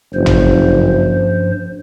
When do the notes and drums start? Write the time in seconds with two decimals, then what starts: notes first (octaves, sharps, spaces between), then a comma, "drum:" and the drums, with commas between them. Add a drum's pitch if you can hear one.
0.14 F#1 G2 F3 C5
0.26 drum: tom